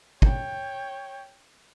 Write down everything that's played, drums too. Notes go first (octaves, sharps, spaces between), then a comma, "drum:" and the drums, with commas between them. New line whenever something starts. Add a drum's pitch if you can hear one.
C#5 G5, drum: kick